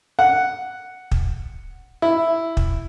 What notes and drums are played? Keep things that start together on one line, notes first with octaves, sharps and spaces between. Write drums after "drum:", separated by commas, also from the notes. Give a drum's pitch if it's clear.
F#5
drum: kick
E4
drum: kick